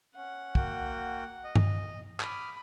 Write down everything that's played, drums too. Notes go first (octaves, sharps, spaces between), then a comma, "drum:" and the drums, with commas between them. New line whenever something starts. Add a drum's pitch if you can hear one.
C#4 F#5
A#3 F#4 G5, drum: kick
D#5
drum: tom G2
B5 D6 D#6 F6, drum: clap